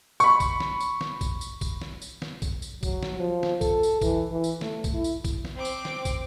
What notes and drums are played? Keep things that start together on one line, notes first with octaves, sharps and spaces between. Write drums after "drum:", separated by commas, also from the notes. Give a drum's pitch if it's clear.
B5 C#6, drum: tambourine
drum: kick, tambourine
drum: snare
drum: tambourine
drum: snare
drum: kick, tambourine
drum: tambourine
drum: kick, tambourine
drum: snare
drum: tambourine
drum: snare
drum: kick, tambourine
drum: tambourine
F#3, drum: kick, tambourine
drum: snare
F3
drum: snare
A4, drum: kick, tambourine
drum: tambourine
E3, drum: kick, tambourine
E3
drum: tambourine
A3, drum: snare
drum: kick, tambourine
E4
drum: tambourine
drum: kick, tambourine
drum: snare
C4 D6
drum: tambourine
drum: snare
drum: kick, tambourine